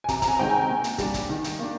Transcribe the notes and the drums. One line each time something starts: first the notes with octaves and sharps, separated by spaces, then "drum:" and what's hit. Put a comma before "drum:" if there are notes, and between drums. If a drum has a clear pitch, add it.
G#5
C3 A#5, drum: kick, hi-hat
A#5, drum: kick, hi-hat
G#5
D#3 G#3 C4 G5
G#5
A#2
drum: hi-hat
G3 D4, drum: kick, hi-hat
drum: kick, hi-hat
D#3
drum: hi-hat
A#3 D4